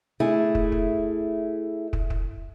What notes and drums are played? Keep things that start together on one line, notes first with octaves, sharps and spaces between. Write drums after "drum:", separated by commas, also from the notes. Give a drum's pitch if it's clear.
A3 E4 G#4
drum: kick
drum: kick
drum: kick
drum: kick